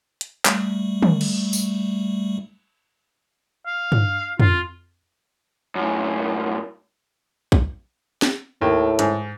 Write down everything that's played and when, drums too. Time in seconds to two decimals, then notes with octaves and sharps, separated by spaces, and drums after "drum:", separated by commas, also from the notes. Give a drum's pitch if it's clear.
0.21 drum: hi-hat
0.45 G3 A3, drum: clap
1.02 drum: tom
1.21 drum: cymbal
1.53 drum: tambourine
3.67 F5
3.92 drum: tom G2
4.40 F4, drum: tom F2
5.76 F#2 A2
7.52 drum: kick
8.22 drum: snare
8.61 D#2 A2
8.99 G#2, drum: hi-hat